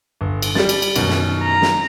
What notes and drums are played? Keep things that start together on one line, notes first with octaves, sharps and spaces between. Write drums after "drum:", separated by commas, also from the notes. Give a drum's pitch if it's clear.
G1
drum: cymbal
G3 A6, drum: snare
drum: cymbal
drum: cymbal
F#2 B2 D#3, drum: cymbal
drum: snare
A#5
drum: snare